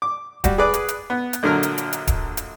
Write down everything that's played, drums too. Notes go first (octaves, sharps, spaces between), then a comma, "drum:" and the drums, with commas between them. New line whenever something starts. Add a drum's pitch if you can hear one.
D6
G3 F#4, drum: kick D1, hi-hat
G#4 B4 D5
drum: hi-hat
drum: hi-hat
B3
drum: hi-hat
A#1 D3 F#3 A#4 F6
drum: hi-hat
drum: hi-hat
drum: hi-hat
drum: kick D1, hi-hat
drum: hi-hat